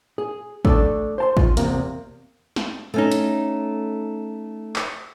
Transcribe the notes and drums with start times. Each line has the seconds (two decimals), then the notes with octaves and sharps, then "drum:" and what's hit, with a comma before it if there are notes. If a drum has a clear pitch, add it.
0.18 G#4
0.65 A3 D4 A4 D5, drum: kick
1.18 C5 A5 C6
1.37 F4, drum: kick
1.57 E2 C3 A#3, drum: hi-hat
2.56 drum: snare
2.94 A3 C#4 D#4
3.12 drum: hi-hat
4.76 drum: clap